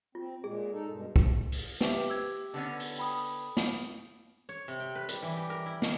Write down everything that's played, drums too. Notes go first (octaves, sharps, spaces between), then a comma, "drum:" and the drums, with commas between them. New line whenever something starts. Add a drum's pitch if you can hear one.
C4 F4
A#2 G#3 G#4
G#3 D#4 A4
G2 B2 G#3
C3, drum: kick
drum: open hi-hat
G4 B4 C5 E5, drum: snare
E6 G#6
D3 B3 C#4
drum: open hi-hat
G5 B5 D#6
drum: snare
C#5
C3
G5
B4
G3, drum: hi-hat
E3
G4
A#4
E4
D#3, drum: snare